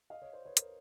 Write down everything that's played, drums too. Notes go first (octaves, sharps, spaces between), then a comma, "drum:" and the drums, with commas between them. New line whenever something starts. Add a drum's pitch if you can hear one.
D#5 F5
C#5 D#5
C5 D5
B4 C#5
A#4 C5, drum: hi-hat